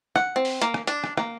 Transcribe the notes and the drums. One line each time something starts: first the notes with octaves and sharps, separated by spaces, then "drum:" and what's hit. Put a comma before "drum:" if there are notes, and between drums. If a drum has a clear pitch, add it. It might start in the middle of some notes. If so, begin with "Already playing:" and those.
F#5, drum: rim click
C4
drum: open hi-hat
A#3, drum: hi-hat
drum: rim click
D4, drum: hi-hat
drum: rim click
A#3, drum: rim click